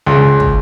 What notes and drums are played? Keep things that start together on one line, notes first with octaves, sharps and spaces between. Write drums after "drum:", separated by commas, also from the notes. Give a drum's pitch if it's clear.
C#2
drum: kick